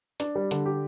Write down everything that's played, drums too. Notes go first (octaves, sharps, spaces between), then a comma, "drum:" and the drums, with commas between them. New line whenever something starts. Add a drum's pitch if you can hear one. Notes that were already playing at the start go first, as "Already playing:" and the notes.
D4, drum: hi-hat
G3
D3, drum: hi-hat
G4